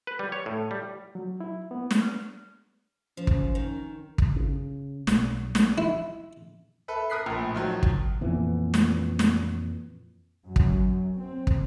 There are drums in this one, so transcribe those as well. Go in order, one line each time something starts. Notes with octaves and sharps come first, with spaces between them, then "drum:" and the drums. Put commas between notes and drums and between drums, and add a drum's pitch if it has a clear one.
B4
G3
C#5
A2
G3
F#3
E4
B3
drum: snare
F6
F3 C#4
drum: kick
D#3
drum: kick
C#3
B1, drum: snare
drum: snare
E4
A4 B4 E5
A#4 D#6 F#6 B6 C7
A#1 A2
D#3 F3 F#3
drum: kick
F2 A#2 E3 B3
drum: snare
drum: snare
F#2 F#3
drum: kick
C4
drum: kick